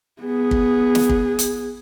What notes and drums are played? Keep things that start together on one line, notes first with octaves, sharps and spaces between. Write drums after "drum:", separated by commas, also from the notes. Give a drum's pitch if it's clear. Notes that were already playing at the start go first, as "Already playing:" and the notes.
B3 G#4
drum: kick
drum: snare
drum: kick
drum: hi-hat